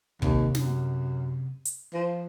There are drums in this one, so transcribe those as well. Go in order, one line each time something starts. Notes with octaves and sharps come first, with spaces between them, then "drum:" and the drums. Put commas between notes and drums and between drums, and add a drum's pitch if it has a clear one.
D#2 C3, drum: kick
F#2, drum: snare
drum: hi-hat
F3